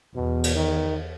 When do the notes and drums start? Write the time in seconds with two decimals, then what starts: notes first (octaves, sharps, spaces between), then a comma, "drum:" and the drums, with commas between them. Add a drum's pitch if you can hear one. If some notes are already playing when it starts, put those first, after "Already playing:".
0.15 E2 B2
0.44 drum: cymbal
0.55 D#3